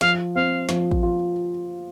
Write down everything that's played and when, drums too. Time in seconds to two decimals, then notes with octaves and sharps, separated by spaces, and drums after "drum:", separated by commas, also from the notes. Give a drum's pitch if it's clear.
0.01 F3 F5, drum: snare
0.35 C4 F5
0.69 F3, drum: snare
0.91 drum: kick
1.03 F4